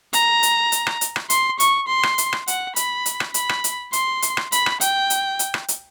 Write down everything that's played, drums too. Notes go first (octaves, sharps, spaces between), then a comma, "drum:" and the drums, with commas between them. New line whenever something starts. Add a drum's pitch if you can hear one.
A#5, drum: hi-hat
drum: hi-hat
drum: hi-hat
drum: rim click
drum: hi-hat
drum: rim click
C6, drum: hi-hat
C#6, drum: hi-hat
C6
drum: rim click
drum: hi-hat
drum: rim click
F#5, drum: hi-hat
B5, drum: hi-hat
drum: hi-hat
drum: rim click
B5, drum: hi-hat
drum: rim click
drum: hi-hat
C6, drum: hi-hat
drum: hi-hat
drum: rim click
B5, drum: hi-hat
drum: rim click
G5, drum: hi-hat
drum: hi-hat
drum: hi-hat
drum: rim click
drum: hi-hat